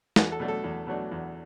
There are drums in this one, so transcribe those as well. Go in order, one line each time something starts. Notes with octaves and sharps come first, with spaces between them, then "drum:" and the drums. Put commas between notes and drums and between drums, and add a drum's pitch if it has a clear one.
E2 F#4, drum: snare
A4
B2 F#3 A3 D4
A4
E2
B2 F#3 A3 D4
E2